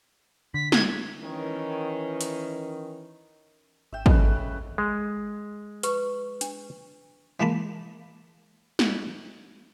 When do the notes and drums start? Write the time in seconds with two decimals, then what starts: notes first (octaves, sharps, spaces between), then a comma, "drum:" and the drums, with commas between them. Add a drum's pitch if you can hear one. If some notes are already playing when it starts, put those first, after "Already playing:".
0.54 D3 B6
0.72 G#6, drum: snare
1.23 D#3 E3 C#4
2.21 drum: hi-hat
3.93 G#1 E5 G5 E7
4.06 C#3 A4 B4 D#5, drum: kick
4.78 G#3
5.83 B4 C#6, drum: hi-hat
6.41 D4, drum: hi-hat
7.40 E3 G#3 A#3 A5 B5
8.79 drum: snare